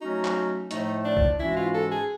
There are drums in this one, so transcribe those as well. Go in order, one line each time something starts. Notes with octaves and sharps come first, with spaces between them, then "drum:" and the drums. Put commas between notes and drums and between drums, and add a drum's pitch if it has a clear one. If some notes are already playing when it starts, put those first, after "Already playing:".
F#3 A3 C#4 D#4 F#4
drum: clap
A2 F3 A3 D#4, drum: hi-hat
D4
drum: kick
G#2 E3 G#3 C#4 E4 F#4
F4
A4
G#4